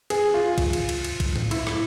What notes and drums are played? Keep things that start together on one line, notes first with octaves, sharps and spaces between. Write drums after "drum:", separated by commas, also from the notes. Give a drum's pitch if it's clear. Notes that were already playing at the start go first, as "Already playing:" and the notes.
G#4, drum: cymbal
F4
drum: kick A#1, cymbal
drum: cymbal
drum: cymbal
drum: cymbal
drum: kick A#1, cymbal
drum: tom A2
E4, drum: cymbal
drum: rim click